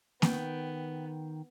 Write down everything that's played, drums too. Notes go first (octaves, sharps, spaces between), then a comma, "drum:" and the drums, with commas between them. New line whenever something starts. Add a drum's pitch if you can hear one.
D#3 B3 G5, drum: snare A#3